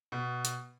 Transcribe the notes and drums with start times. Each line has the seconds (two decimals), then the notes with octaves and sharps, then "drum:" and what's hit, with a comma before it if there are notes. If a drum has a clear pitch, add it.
0.12 B2
0.45 drum: hi-hat